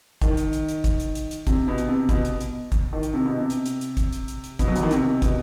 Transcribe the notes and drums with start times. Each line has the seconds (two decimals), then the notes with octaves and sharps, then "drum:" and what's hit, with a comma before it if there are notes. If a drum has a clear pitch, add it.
0.22 D#3, drum: kick, hi-hat
0.37 drum: hi-hat
0.53 drum: hi-hat
0.69 drum: hi-hat
0.84 drum: kick, hi-hat
1.00 drum: hi-hat
1.15 drum: hi-hat
1.31 drum: hi-hat
1.47 C3, drum: kick, hi-hat
1.68 B2
1.78 drum: hi-hat
1.89 C3
2.09 B2, drum: kick, hi-hat
2.25 drum: hi-hat
2.40 drum: hi-hat
2.72 drum: kick, hi-hat
2.93 D#3
3.03 drum: hi-hat
3.14 C3
3.25 B2
3.38 C3
3.50 drum: hi-hat
3.66 drum: hi-hat
3.81 drum: hi-hat
3.97 drum: kick, hi-hat
4.12 drum: hi-hat
4.28 drum: hi-hat
4.44 drum: hi-hat
4.59 B2, drum: kick, hi-hat
4.67 F#3
4.76 E3, drum: hi-hat
4.83 D#3
4.91 C3, drum: hi-hat
5.22 B2, drum: kick, hi-hat